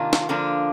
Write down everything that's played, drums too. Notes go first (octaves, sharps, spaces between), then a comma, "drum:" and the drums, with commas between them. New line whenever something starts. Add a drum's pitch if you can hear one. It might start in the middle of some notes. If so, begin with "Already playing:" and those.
Already playing: C3 D#3 A#3 D4 F4
drum: snare
D3 F3 A#3 D4